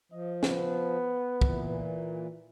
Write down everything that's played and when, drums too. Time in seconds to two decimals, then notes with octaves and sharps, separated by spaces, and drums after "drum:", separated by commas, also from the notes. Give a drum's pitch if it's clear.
0.12 F3 D#5
0.43 B3, drum: snare
1.41 A#2 E3, drum: kick